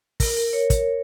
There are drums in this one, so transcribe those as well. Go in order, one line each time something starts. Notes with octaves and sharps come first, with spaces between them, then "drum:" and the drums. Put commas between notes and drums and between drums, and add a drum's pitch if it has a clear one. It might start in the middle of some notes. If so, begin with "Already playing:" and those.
A#4, drum: kick, open hi-hat
A#4
C#5
drum: kick, hi-hat